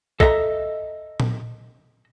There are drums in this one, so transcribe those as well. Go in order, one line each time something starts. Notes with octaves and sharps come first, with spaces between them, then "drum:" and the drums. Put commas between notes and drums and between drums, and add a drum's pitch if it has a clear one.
A4 D#5 E5 A5 A#5, drum: kick
drum: tom A#2